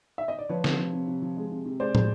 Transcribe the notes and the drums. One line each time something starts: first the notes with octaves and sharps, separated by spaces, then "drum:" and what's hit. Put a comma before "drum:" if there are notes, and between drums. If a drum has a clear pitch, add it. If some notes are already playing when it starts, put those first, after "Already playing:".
E5
D#5
D5
F3 B4 C#5
C3, drum: snare
F3
C3
C3
F3
G#3
C3
C3
G#3 C5 D5
G#3, drum: tom